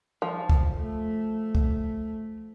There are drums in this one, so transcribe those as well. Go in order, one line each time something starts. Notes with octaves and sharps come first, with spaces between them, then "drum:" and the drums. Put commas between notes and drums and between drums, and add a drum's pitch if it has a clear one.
F3
drum: kick
A3
drum: kick